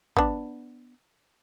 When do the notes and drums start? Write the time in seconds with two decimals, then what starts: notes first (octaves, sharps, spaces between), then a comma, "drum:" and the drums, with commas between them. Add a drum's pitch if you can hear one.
0.17 B3 D4, drum: kick